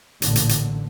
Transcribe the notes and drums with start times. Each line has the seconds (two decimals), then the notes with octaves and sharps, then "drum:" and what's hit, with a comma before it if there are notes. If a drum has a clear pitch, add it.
0.22 A1 A#2 D3, drum: hi-hat
0.36 drum: hi-hat
0.49 drum: hi-hat